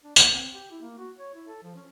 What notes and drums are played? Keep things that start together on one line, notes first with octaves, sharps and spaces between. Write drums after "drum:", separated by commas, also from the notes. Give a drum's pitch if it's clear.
D4
B3, drum: tambourine
C4
G4
E4
A#3
F#4
C#5
E4
A4
F3
C#4